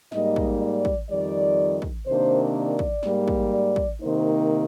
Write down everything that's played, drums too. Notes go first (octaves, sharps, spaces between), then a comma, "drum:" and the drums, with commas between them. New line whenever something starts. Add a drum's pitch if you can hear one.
G#2 G3 A#3 D#4 D#5, drum: snare
drum: kick
D5
drum: kick
F2 D#3 G3 D5
drum: kick
C3 D#3 A#3 D4 C5
D5
drum: kick
G#2 G3 A#3, drum: snare
drum: kick
D5
drum: kick
C3 D#3 A#3 D#4 C5